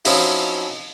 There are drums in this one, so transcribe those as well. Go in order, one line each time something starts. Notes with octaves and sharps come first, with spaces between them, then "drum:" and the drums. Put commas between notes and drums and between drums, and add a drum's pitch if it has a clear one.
F3 F#3 C4 C#4 D#4 E4, drum: open hi-hat